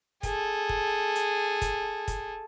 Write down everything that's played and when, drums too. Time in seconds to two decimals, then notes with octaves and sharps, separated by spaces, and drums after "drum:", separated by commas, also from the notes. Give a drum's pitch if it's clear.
0.23 G#4 A4, drum: kick, hi-hat
0.69 drum: kick
1.15 drum: hi-hat
1.62 drum: kick, hi-hat
2.08 drum: kick, hi-hat